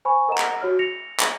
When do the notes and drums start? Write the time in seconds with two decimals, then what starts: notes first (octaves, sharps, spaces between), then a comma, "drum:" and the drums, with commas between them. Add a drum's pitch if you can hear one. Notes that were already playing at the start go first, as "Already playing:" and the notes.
0.05 C5 G#5 B5 C#6
0.29 A#4 D#5 F#5 A#5 E7
0.38 drum: clap
0.61 F#4 C#5 F6
0.79 A#6 C#7 F7
1.20 drum: clap